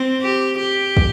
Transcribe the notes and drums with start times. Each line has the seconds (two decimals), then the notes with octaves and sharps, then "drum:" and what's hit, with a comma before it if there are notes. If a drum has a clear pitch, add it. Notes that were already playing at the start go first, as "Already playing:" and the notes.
Already playing: C4
0.22 G4
0.59 G4
0.97 drum: kick